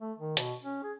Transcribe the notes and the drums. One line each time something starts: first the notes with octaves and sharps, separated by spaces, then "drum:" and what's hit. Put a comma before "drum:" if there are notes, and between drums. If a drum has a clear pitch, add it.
A3
D#3
B2, drum: hi-hat
C#4
G#4